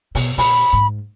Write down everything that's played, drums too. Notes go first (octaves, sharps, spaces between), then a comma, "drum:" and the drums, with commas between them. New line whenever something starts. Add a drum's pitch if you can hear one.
B2, drum: open hi-hat
A#2 B5, drum: open hi-hat
G#2